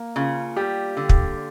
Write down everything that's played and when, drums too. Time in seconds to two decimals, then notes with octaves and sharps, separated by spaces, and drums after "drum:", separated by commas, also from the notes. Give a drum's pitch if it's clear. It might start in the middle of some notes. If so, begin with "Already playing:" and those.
Already playing: A#3
0.16 C#3 F4
0.57 G3 G4
0.97 D3
1.09 drum: kick